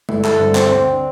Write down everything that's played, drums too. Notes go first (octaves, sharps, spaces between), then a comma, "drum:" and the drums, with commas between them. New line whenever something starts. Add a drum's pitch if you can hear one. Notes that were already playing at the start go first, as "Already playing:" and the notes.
G2 D3 E4 A4, drum: tom
E4 A4, drum: clap
G2 D3 C4
A3
C4, drum: clap
D2 D3 C4
D4